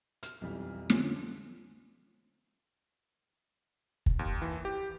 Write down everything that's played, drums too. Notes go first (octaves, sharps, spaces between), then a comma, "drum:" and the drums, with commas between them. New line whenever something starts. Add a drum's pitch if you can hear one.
F6, drum: hi-hat
B1 F2 E3 G3
D3 F3 C#4, drum: snare
drum: kick
D#2
E3
G4